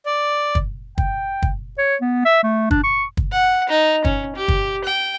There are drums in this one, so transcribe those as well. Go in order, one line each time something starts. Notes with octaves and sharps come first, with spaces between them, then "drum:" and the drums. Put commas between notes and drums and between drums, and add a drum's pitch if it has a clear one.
D5
drum: kick
G5, drum: kick
drum: kick
C#5
B3
E5
A3
D4, drum: kick
C#6
drum: kick
F#5
D#4
C#4, drum: kick
G4
drum: kick
G5